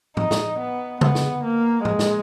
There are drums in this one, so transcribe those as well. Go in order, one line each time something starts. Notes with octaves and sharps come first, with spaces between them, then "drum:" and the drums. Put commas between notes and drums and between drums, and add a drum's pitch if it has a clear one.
D#4, drum: tom G#2
drum: snare
B3
B3, drum: tom C#3
drum: snare
A#3
G#3, drum: tom G#2
drum: snare